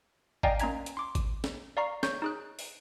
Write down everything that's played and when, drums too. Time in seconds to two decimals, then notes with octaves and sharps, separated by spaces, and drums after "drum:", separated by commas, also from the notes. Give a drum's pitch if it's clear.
0.43 D5 D#5 F5 G5 G#5 A#5, drum: kick G#1
0.60 A#3 C#4 A#5 G#6 B6, drum: hi-hat
0.86 drum: hi-hat
0.97 C6 D6
1.15 drum: kick G#1, hi-hat
1.44 drum: snare
1.77 D5 F5 A#5 C#6 C7
2.03 C#5 C#6 G6, drum: snare
2.22 D#4 G#4 F#6
2.59 drum: open hi-hat